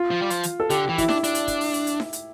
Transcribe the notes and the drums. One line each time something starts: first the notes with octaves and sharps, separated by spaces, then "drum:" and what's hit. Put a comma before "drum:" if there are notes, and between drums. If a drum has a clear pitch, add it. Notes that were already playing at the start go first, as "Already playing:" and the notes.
Already playing: F4
F3
G3
F3, drum: hi-hat
drum: hi-hat
A4
D3 G4, drum: hi-hat
E3 G4
E4, drum: kick, hi-hat
D4, drum: snare D#4
D4, drum: hi-hat
drum: hi-hat
drum: kick, hi-hat
drum: open hi-hat
drum: hi-hat
drum: hi-hat
drum: snare D#4
drum: hi-hat